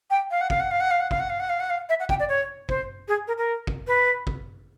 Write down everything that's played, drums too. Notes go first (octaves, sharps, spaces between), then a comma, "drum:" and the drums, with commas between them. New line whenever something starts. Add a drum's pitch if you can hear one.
G5
F5
F#5
F5, drum: kick
F#5
F5
F#5
F5
F#5
F5, drum: kick
F#5
F5
F#5
F5
F#5
F5
E5
F#5
G5, drum: kick
D5
C#5
C5, drum: kick
G#4
A#4
A#4
drum: kick
B4
drum: kick